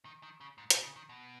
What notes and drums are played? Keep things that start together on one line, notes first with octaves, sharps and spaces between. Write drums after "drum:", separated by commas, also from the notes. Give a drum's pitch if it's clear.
D#3
D#3
C#3
G#2
A#2, drum: hi-hat
C#3
D#3
B2